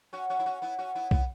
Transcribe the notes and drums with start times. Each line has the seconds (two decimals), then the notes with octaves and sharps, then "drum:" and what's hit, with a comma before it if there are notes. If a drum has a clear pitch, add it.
0.13 C#4 F#4
0.30 C#4 F#4
0.39 E4
0.46 C#4 F#4
0.62 B3 E4
0.78 C#4 F#4
0.95 B3 E4
1.11 B3 E4, drum: kick B1